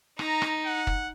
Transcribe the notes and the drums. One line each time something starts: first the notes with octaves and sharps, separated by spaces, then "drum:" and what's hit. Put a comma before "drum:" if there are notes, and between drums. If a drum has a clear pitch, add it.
D#4 A#5, drum: rim click
drum: rim click
F#5
drum: kick